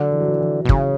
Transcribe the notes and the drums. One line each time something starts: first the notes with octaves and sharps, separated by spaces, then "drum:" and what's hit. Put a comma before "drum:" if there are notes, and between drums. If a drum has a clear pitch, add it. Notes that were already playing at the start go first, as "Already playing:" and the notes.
Already playing: D3 F#3
E3
F#3
E3
E3
B2
C#3 E3, drum: kick